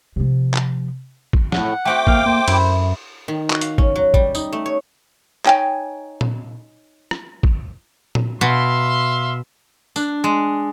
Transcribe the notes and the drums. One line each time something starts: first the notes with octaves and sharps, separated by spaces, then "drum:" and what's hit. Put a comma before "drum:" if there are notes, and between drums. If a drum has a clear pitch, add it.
C3 F3
drum: clap
drum: kick
A2 F#5, drum: snare
A3 C4 F#4 G5 D6
A#3 F5, drum: kick
A#3 C5
F#2 E4, drum: cymbal
D#3
F#4, drum: clap
F5, drum: hi-hat
C#4, drum: kick
F#3
G3, drum: kick
D#4, drum: tambourine
A3
C#5
D#4 C#5 G5 G#5, drum: clap
drum: tom A#2
drum: rim click
drum: kick
drum: tom A#2
B2 E5 F5 C6
D4, drum: tambourine
G#3